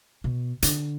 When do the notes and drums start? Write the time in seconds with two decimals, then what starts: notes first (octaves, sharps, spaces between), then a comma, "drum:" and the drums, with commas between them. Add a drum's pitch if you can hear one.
0.24 B2
0.62 D3, drum: hi-hat